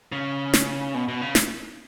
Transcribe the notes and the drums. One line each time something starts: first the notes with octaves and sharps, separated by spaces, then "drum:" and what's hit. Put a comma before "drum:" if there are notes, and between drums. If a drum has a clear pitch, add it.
C#3
drum: snare
B2
B2
C#3
drum: snare